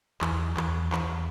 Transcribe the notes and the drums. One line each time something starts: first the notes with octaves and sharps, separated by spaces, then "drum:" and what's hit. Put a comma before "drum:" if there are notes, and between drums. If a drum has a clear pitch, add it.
E2, drum: clap
E2, drum: clap
E2, drum: clap